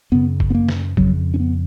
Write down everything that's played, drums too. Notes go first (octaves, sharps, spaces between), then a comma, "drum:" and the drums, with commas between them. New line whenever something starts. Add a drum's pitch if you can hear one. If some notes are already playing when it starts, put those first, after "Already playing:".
F#2 C#3 B3
drum: kick
B3
A#3
drum: snare
F2 C#3 F#3, drum: kick
C#4
B3